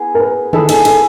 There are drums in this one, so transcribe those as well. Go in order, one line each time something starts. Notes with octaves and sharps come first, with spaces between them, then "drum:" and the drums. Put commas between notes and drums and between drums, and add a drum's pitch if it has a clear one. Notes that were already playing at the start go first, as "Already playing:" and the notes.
Already playing: B3 E4 G#4
A#4
B4
E4 G#4 A4 B4 E5, drum: tom D3
A4, drum: cymbal
A4, drum: cymbal